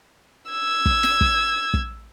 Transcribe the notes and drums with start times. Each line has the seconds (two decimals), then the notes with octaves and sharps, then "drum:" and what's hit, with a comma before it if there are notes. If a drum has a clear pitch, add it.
0.50 E6 G#6
0.86 drum: kick
1.03 drum: snare
1.21 drum: kick
1.74 drum: kick